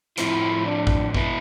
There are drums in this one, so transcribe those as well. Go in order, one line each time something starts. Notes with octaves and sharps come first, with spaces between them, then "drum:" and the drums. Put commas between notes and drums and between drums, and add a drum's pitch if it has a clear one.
A2 F3 C4 E4 F4 C5, drum: hi-hat
D4
drum: kick A1
B2 B3 E4, drum: kick A1